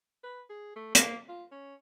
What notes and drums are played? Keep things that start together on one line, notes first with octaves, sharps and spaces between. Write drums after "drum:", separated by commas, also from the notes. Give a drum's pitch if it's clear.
B4
G#4
A3
A#3, drum: hi-hat
F4
C#4